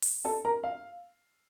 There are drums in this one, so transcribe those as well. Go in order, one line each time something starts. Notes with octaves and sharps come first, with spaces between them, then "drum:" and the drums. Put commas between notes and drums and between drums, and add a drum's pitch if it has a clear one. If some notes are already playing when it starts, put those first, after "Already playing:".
drum: open hi-hat
A4 A5
A#4 A#5
F5